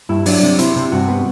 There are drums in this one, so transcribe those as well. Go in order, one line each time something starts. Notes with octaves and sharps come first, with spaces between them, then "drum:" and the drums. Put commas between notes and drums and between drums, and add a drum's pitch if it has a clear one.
G2 E4
F#3 D4, drum: open hi-hat
C3
C4 E4, drum: hi-hat
C3
G2 F#4
B3